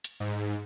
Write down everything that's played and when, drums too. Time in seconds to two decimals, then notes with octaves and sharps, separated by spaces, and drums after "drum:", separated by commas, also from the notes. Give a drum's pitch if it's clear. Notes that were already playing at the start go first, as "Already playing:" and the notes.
0.04 drum: hi-hat
0.20 G#2